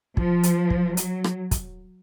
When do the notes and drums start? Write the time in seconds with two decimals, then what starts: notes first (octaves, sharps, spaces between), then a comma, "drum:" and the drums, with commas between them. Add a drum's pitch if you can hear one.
0.17 F3, drum: kick
0.43 drum: hi-hat
0.70 drum: kick
0.97 F#3, drum: hi-hat
1.24 drum: rim click
1.51 drum: kick, hi-hat